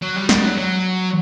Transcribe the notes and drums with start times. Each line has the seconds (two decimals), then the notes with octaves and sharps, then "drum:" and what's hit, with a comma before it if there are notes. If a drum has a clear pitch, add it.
0.02 F#3
0.16 G3
0.29 G3, drum: snare
0.43 F#3
0.57 F#3